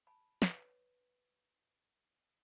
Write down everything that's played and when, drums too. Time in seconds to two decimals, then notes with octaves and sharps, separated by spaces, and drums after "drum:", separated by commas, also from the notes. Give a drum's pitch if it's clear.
0.07 G#5 A5 B5
0.42 B4 C#5, drum: snare